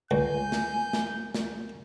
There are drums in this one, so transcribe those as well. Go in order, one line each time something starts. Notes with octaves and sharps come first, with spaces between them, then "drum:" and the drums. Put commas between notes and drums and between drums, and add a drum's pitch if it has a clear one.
C#2 G#5 G6
drum: snare
drum: snare
drum: snare